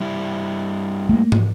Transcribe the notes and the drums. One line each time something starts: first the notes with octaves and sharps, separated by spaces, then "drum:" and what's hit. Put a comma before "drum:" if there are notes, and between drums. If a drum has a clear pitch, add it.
G2 G3 E4
A3 A#3
drum: tom